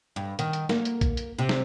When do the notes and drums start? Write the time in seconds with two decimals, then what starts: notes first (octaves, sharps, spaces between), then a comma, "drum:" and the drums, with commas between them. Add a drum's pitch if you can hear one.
0.16 G2
0.39 D#3, drum: hi-hat
0.53 drum: hi-hat
0.69 A#3, drum: snare
0.85 drum: hi-hat
1.01 drum: kick A#1, hi-hat
1.17 drum: hi-hat
1.39 C3
1.49 drum: snare